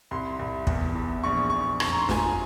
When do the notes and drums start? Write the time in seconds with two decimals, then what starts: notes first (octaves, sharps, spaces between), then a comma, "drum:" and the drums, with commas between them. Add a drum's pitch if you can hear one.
0.11 C2 C6
0.39 C2
0.67 E2, drum: kick
0.95 E2
1.23 A#1 C#6
1.50 A#1 C#6
1.80 F1 C#6, drum: rim click
1.92 A#5
1.99 C6
2.09 F3 G#5, drum: snare
2.17 A#5